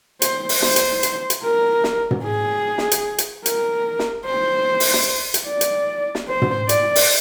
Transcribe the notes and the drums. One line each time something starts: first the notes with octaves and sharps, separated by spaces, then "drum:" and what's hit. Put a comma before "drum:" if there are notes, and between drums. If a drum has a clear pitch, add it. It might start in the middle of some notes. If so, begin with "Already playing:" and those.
C5, drum: hi-hat
drum: open hi-hat
C5, drum: snare
drum: hi-hat
drum: hi-hat
drum: hi-hat
A#4
drum: snare
drum: tom
G#4
drum: snare
drum: hi-hat
drum: hi-hat
A#4, drum: hi-hat
drum: snare
C5
drum: open hi-hat
drum: snare
drum: hi-hat
D5
drum: hi-hat
drum: snare
C5
drum: tom
D5, drum: hi-hat
drum: open hi-hat